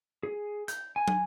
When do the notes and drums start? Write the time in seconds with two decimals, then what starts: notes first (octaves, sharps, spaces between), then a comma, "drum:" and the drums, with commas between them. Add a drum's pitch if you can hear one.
0.23 G#4
0.68 G6, drum: hi-hat
0.96 G#5
1.08 drum: tom